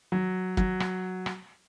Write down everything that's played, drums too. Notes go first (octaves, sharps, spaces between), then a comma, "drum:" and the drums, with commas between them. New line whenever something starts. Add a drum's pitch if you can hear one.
F#3
F#3, drum: kick
drum: rim click
drum: rim click